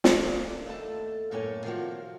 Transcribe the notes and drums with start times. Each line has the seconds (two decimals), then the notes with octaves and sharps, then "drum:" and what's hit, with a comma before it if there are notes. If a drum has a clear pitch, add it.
0.04 A3 E4 D5, drum: snare
0.23 A#3 D4
0.66 D#2 A3 A4 A5
1.31 F#2 A2 A#3 A4 C#5 G#5
1.64 C3 D#3 F3 A#3 F#4